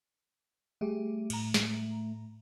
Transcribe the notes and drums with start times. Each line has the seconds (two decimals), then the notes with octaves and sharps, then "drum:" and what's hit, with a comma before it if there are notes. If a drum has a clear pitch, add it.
0.81 G3 A3 G4 G#4
1.30 A2 A#5, drum: cymbal
1.54 drum: snare